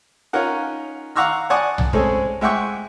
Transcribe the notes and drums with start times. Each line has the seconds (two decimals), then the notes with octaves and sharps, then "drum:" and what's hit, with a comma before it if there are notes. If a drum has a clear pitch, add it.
0.33 C#4 D#4 F4 A#4 F#5
1.16 F5 F#5 A#5 C#6 E6 F6
1.50 D5 F#5 G#5 A5 C#6 D#6
1.78 drum: tom B1
1.93 G#3 C4 C#4 G#4 A4, drum: kick
2.41 G#3 E5 F#5 G5 C#6